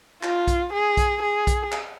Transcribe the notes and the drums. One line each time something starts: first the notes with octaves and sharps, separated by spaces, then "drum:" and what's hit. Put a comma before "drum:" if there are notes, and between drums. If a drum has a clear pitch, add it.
F4, drum: clap
drum: kick B1, hi-hat
G#4
drum: kick B1, hi-hat
G#4
drum: kick B1, hi-hat
drum: clap